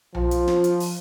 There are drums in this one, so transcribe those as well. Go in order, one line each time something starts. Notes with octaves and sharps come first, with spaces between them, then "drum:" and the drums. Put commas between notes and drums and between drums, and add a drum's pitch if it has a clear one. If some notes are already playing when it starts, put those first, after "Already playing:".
F3, drum: tom B1
drum: hi-hat
drum: snare
drum: hi-hat
drum: open hi-hat